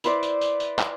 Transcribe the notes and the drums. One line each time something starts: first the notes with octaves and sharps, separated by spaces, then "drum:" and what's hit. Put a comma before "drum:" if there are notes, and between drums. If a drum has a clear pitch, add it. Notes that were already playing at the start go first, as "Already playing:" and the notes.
E4 B4 C5 D5, drum: tambourine
drum: tambourine
drum: tambourine
drum: tambourine
drum: clap